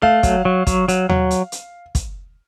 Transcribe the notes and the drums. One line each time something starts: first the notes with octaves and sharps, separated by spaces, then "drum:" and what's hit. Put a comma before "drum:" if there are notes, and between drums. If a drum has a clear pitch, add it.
A3 F5
F#3, drum: kick, hi-hat
F#3
F#3, drum: kick, hi-hat
F#3, drum: hi-hat
F#3, drum: tom D#2
drum: hi-hat
drum: hi-hat
drum: kick, hi-hat